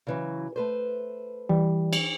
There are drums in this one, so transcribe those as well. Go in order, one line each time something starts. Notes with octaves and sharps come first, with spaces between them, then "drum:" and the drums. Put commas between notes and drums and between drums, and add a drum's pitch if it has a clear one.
C#3 E3 F#3
A3 B4 C5
E3 G3
drum: cymbal